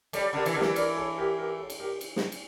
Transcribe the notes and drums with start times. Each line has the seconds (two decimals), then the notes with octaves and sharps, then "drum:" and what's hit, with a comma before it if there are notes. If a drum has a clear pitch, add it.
0.13 G3 A4 C#5, drum: cymbal
0.33 D3 G4 A#4
0.46 E3, drum: cymbal
0.55 D3 G4 A#4
0.61 E3, drum: snare
0.76 A#4 D5, drum: cymbal
0.97 A4 C#5
1.18 G4 A#4
1.38 G4 A#4
1.59 A4 C#5
1.70 drum: cymbal
1.80 G4 A#4
2.01 drum: cymbal
2.16 drum: snare
2.32 drum: cymbal